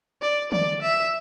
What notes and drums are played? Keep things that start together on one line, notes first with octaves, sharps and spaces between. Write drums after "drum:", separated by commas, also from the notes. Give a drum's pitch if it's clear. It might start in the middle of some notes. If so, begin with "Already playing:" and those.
D5
D5, drum: tom
E5